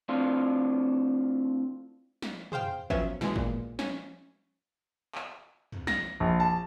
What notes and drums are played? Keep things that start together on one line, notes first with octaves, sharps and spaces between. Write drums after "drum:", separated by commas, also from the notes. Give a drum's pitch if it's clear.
A2 F3 C4 D4 F4
drum: snare
G#4 C5 F5 G5, drum: tom
F3 F#3 B3 C#4 E5, drum: kick G#1
B2 E3 G#3, drum: snare
A#2, drum: kick G#1
C#4, drum: snare
drum: clap
drum: tom
A#6, drum: snare
A#1
A5